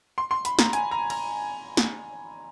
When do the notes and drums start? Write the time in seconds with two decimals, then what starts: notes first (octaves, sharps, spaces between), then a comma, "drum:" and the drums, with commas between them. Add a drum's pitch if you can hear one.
0.18 C6
0.31 C6
0.45 B5, drum: hi-hat
0.59 A#5, drum: snare
0.73 G#5, drum: hi-hat
0.91 A#5
1.10 A#5, drum: cymbal
1.77 drum: snare